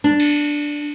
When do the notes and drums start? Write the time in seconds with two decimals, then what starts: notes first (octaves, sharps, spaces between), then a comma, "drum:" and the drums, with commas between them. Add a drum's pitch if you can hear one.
0.04 D4
0.20 drum: cymbal